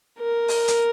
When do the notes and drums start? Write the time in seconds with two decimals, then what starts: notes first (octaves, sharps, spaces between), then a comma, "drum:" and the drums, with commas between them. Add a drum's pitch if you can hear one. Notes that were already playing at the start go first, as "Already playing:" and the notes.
0.19 A#4
0.48 drum: open hi-hat
0.68 drum: hi-hat